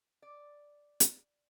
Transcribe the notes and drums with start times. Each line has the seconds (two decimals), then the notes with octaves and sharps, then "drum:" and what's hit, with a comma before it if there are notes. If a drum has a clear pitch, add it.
0.22 D5
1.00 drum: hi-hat